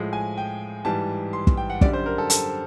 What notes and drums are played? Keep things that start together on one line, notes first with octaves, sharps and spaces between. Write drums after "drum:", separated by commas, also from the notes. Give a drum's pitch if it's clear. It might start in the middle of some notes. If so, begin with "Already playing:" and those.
Already playing: A2 F3 G#3
G#5
G5
G#2 E3 G3 A5
C6
drum: kick
G5
F#5
F#2 D3 G3 D5, drum: kick
C5
A#4
A4
A4, drum: hi-hat